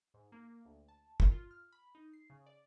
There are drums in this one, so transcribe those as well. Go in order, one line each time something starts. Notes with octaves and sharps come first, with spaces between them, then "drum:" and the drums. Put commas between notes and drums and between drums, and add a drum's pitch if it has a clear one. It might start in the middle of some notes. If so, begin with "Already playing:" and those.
G#2
A#3
D2
A5
A#4, drum: kick
F4
F6
B5
D#4
C7
C#3
D5